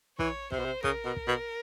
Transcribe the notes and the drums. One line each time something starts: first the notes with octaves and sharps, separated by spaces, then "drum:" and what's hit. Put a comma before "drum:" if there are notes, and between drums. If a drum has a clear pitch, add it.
E3 C#5, drum: kick
C3 C5, drum: kick
B2
C3
C#3 A#4, drum: kick
B2
drum: kick
B2